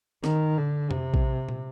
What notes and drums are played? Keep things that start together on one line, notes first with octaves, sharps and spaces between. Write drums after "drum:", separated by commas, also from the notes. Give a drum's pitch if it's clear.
D#3, drum: snare
D3
C3, drum: tom F2
drum: kick A#1
drum: tom A#2